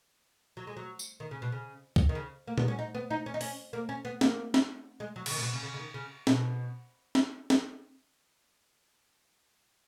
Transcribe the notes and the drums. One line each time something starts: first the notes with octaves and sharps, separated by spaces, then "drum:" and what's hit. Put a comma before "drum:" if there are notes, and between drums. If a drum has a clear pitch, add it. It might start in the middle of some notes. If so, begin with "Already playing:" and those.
F#3
G#3
F#3
drum: tambourine
D#3
C#3
B2
C#3
drum: kick
D#3
C#3
A#3
B3, drum: tom A#2
C#4
D#4
B3
D#4
C#4
D#4
C#4, drum: open hi-hat
A#3
C#4
B3
A#3, drum: snare
drum: snare
G#3
F#3
C#3, drum: cymbal
D#3
C#3
B2
C#3
C#3
C#3
D#3
C#3
B2, drum: snare
drum: snare
drum: snare